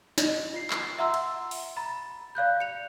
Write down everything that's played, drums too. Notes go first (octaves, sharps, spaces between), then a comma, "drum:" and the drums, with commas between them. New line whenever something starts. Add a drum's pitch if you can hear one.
D#5, drum: snare
F4 C7
drum: clap
E5 F#5 A#5 C6 E6
drum: cymbal
drum: open hi-hat
A#5 B5 A6
D5 F5 F#6 G6
C#7 F7